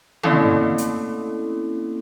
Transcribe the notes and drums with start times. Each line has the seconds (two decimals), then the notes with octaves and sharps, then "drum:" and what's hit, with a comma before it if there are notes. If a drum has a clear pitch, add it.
0.23 A3 A#3 C4 C#4 E4 A4, drum: tom
0.78 drum: hi-hat